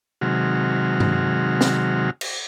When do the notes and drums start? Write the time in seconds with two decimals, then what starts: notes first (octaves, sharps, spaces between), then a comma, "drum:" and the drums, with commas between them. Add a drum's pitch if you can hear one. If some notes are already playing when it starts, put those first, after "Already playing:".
0.21 C3 D#3 F#3 G#3 F#4 F6
1.00 drum: tom
1.61 drum: snare
2.21 drum: cymbal